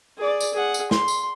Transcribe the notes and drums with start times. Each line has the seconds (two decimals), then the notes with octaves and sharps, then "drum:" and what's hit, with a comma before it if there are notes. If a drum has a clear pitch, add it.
0.18 G#4 D5
0.41 drum: tambourine
0.54 G#4 F#5
0.74 drum: tambourine
0.91 C6, drum: snare
1.08 drum: tambourine